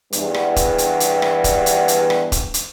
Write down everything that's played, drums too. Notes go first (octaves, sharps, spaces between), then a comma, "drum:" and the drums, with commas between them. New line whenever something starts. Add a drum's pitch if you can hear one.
E2 G2, drum: hi-hat
drum: rim click
drum: kick D#1, hi-hat
drum: hi-hat
drum: hi-hat
drum: rim click
drum: kick D#1, hi-hat
drum: hi-hat
drum: hi-hat
drum: rim click
drum: kick D#1, hi-hat
drum: hi-hat